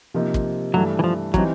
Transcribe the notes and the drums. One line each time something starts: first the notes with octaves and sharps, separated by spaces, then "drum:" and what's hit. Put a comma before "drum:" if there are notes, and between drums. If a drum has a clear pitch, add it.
C3 F3 A#3 D#4
drum: kick
G2 E3 F#3 A3
E3
F3
E3 F#3 G3 C4 D#4, drum: kick